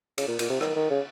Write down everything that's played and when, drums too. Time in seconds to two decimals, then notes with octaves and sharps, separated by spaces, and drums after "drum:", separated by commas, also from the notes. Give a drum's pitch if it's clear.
0.18 C#3, drum: cymbal
0.28 A#2
0.39 A#2, drum: cymbal
0.50 C3
0.61 D#3, drum: rim click
0.75 D#3
0.90 C#3